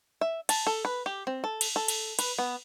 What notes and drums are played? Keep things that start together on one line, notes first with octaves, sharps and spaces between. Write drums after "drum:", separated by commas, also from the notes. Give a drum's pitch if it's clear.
E5
A5, drum: cymbal
A4
B4
G4
C4
A4
drum: cymbal
A4
drum: cymbal
B4, drum: cymbal
B3